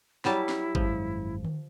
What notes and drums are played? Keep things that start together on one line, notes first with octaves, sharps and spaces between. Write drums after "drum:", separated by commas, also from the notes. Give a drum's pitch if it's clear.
F#3 G3 E4 A5, drum: snare
drum: snare
G#1 F#2 F3 G#3, drum: kick G#1
drum: tom D3